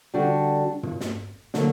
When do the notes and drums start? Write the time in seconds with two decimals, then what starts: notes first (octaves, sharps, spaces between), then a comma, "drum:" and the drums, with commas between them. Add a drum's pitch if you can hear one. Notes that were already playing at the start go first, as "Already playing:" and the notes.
0.14 D3 G3 D4 F#4
0.83 drum: tom
1.01 drum: snare
1.54 D3 F#3 A#3, drum: snare